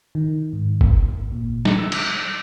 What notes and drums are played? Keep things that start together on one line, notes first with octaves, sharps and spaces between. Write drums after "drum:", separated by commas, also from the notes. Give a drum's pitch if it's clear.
D#3
G#2
drum: kick F#1
G#1
A#2
drum: snare
E6
drum: cymbal